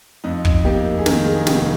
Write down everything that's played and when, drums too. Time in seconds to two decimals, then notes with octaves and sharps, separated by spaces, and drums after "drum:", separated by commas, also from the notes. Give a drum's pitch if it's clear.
0.24 F2 D#4
0.45 drum: kick
0.65 A#3 G4
0.99 G#4
1.06 D#3 A#4, drum: snare
1.27 G#4
1.47 F1 G4, drum: snare